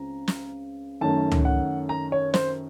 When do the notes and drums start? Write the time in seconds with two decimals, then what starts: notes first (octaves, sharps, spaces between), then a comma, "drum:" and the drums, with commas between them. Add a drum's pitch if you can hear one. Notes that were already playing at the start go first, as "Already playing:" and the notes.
Already playing: C#2 C#3 C4 A#5
0.28 drum: snare
1.01 F#2 D#3 A3 C#4 A5
1.32 drum: tom C#2
1.45 F#5
1.89 A#5
2.12 C#5
2.34 C5, drum: snare